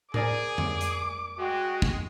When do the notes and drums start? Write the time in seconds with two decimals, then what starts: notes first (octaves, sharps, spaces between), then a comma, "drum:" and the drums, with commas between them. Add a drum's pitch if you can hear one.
0.14 G#4 A#4 D5 G#5 D6, drum: tom A2
0.58 drum: tom F2
0.81 drum: hi-hat
1.39 G#3 F#4 G5
1.82 drum: kick